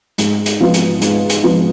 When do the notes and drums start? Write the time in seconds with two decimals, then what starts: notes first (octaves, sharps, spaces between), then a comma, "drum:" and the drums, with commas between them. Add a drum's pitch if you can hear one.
0.18 G#2, drum: hi-hat
0.46 drum: hi-hat
0.60 F3 B3 F4
0.74 drum: hi-hat
1.01 G#2, drum: hi-hat
1.30 drum: hi-hat
1.43 F3 B3 F4